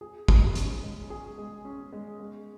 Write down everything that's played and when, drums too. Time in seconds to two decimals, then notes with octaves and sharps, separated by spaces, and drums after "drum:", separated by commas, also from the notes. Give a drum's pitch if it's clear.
0.01 G#4
0.28 G#3, drum: kick
0.55 C#4, drum: hi-hat
0.83 G#3
1.10 G#4
1.38 G#3
1.65 C#4
1.92 G#3
2.20 G#3